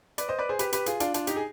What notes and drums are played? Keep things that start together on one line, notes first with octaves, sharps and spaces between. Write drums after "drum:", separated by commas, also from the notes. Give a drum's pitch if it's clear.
B4 D5, drum: hi-hat
C5 D#5
B4 D5
G#4 C5
G4 B4, drum: hi-hat
G4 B4, drum: hi-hat
F4 G#4, drum: hi-hat
D4 F4, drum: hi-hat
D4 F4, drum: hi-hat
D#4 G4, drum: hi-hat
G#4